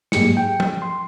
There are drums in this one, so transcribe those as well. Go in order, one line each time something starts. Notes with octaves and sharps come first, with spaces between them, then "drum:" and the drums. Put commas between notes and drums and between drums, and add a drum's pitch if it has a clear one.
G#2 F#3 A#3 G4 G#4 C#7, drum: snare
G5
drum: tom
C6